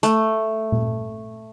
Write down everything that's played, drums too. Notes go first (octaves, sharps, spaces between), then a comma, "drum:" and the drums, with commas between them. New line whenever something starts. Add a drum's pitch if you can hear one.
A3, drum: hi-hat
drum: tom A#2